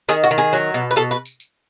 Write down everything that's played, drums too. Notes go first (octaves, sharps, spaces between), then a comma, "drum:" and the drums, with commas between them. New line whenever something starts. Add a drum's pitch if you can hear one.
D#3 G#4, drum: tambourine
F#4, drum: tambourine
D#3
G#4, drum: tambourine
F#3, drum: tambourine
B2
B4
B2 A4, drum: tambourine
B4, drum: tambourine
drum: tambourine
drum: tambourine